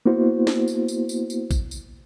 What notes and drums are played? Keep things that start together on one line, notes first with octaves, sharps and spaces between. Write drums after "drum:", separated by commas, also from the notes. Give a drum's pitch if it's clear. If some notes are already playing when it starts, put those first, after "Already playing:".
A#3 B3 E4 F#4 C5
drum: snare
drum: tambourine
drum: tambourine
drum: tambourine
drum: tambourine
drum: kick A1, tambourine
drum: tambourine